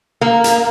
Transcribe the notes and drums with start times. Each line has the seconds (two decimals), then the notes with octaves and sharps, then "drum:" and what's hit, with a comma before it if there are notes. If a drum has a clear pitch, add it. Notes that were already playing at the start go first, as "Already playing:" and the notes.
0.21 A#3
0.44 drum: hi-hat